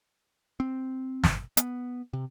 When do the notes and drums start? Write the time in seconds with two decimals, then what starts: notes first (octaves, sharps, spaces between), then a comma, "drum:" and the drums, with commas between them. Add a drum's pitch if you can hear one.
0.60 C4
1.24 drum: snare
1.57 B3, drum: hi-hat
2.13 C3